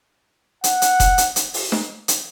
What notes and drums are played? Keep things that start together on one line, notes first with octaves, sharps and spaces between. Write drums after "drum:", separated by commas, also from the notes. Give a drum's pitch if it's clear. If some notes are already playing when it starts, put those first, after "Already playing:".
F#5, drum: hi-hat
drum: hi-hat
drum: kick F1, hi-hat
drum: hi-hat
drum: hi-hat
drum: open hi-hat
drum: snare
drum: hi-hat